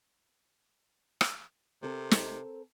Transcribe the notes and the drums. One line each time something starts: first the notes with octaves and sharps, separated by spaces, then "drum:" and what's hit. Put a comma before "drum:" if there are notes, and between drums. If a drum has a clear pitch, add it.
drum: rim click
C3 C4 A4 A#4
drum: snare